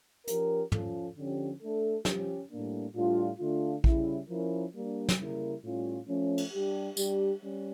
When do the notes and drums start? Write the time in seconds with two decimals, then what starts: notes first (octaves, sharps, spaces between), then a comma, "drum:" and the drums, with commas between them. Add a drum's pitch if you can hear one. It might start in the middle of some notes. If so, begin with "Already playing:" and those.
0.27 F3 C#4 G4 A#4, drum: hi-hat
0.72 F3 C#4 F4 A4, drum: tom
1.16 D3 F3 C#4 G4
1.60 A3 D4 A4
2.05 F3 C#4 G4, drum: snare
2.50 A2 G3 A#3 D4
2.94 A2 G3 D4 F4
3.39 D3 A3 D4 F4
3.84 C#3 G3 C#4 E4, drum: kick A#1
4.29 F3 C#4 E4 A#4
4.74 G3 A#3 D4
5.09 drum: snare
5.19 C#3 G3 A#3 E4 A#4
5.64 A2 G3 C#4 F4
6.07 F3 A3 C#4
6.38 drum: cymbal
6.53 G3 D4 G4
6.97 G3 D4 G4, drum: tambourine
7.42 G3 C#4